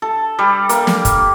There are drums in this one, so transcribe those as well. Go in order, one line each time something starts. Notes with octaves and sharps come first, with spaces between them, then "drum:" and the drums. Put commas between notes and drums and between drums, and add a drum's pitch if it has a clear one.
A4
G3
A#3, drum: hi-hat
drum: snare
drum: kick, hi-hat